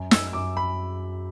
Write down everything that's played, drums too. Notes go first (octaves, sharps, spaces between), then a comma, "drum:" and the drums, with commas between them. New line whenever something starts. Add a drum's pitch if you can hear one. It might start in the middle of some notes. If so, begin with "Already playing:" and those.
Already playing: F#2
E6, drum: snare
E6
F#2 D6
B5